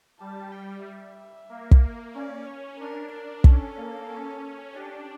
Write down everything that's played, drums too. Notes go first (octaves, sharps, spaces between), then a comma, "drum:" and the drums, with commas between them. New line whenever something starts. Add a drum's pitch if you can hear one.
G3 A5
G5
E5
A#3
drum: kick
C#4 D5
C#5
D4 A#4
A#4
C#4 A4, drum: kick
A#3
C#4
D4 G4